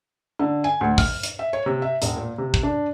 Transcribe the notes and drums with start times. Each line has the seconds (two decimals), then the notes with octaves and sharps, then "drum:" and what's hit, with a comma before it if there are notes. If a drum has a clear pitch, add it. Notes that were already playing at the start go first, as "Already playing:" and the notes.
0.39 D3
0.64 G#5
0.81 D2
0.98 F6, drum: kick, open hi-hat
1.23 drum: hi-hat
1.39 E5
1.53 C#5
1.66 C3
1.82 E5
2.02 E1, drum: hi-hat
2.17 A#2
2.38 C3
2.54 drum: kick
2.63 D4